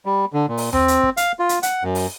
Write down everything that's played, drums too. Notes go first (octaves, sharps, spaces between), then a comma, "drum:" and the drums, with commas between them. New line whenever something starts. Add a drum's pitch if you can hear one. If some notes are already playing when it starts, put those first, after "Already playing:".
G3
D3
A#2
drum: open hi-hat
C4, drum: tom D#2
drum: hi-hat
drum: kick
F5, drum: hi-hat
F4
drum: hi-hat
F#5, drum: hi-hat
F#2
drum: open hi-hat